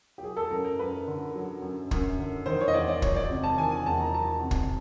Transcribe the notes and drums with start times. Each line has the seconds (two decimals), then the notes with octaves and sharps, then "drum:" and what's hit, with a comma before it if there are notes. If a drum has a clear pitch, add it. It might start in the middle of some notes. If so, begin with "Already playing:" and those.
0.18 G4
0.23 F#3 G#4
0.37 A4
0.50 F#2 A#4
0.65 A#4
0.79 F#2 B4
1.07 D3
1.35 F#3
1.62 F#2
1.91 F#2, drum: kick
2.19 D3
2.46 D#3 C5
2.60 C#5
2.68 D#5
2.74 E2 D5
2.88 D5
3.02 F#3 C#5, drum: kick
3.16 D5
3.30 C3
3.43 A5
3.58 D#3 G#5
3.71 G#5
3.86 E2 A5
4.00 A#5
4.14 F#3 A5
4.41 C3
4.51 drum: kick